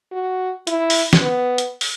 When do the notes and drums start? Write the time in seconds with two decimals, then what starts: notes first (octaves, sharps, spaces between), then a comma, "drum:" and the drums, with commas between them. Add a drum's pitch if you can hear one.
0.12 F#4
0.67 E4, drum: hi-hat
0.90 drum: open hi-hat
1.13 drum: snare
1.22 B3
1.58 drum: hi-hat
1.81 drum: open hi-hat